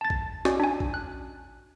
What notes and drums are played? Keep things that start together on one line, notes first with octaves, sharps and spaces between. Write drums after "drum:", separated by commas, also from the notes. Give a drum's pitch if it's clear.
A5 A6
drum: kick
C#4 F#4 D5 D#5 G#5, drum: snare
D4 G#5
drum: kick
F#6